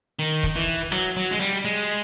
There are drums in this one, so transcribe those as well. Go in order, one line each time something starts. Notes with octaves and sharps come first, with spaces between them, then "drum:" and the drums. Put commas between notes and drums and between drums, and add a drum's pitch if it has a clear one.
D#3
drum: kick, hi-hat
E3
F#3, drum: rim click
F#3
G#3
G3, drum: hi-hat
G#3